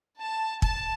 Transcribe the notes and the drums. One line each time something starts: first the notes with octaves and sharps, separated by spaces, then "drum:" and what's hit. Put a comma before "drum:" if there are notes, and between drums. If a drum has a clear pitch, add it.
A5
A5, drum: kick